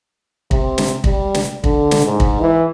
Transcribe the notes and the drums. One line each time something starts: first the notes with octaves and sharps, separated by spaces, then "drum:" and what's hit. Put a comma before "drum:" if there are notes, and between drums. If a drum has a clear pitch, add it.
C3, drum: kick
drum: snare
G3, drum: kick
drum: snare
D3, drum: kick
drum: snare
G#2
drum: kick
E3